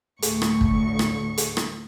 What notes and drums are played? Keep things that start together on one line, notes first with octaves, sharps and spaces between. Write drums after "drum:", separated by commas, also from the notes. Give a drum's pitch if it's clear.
D2 A2 C#6, drum: hi-hat
drum: rim click
drum: kick
drum: rim click
drum: hi-hat
drum: rim click